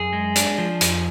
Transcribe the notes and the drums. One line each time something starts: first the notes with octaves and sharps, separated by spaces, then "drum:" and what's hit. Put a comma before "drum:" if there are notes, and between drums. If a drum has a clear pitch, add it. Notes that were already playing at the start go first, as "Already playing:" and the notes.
Already playing: F#2 G#4
G#3
D4, drum: hi-hat
F3
F2, drum: hi-hat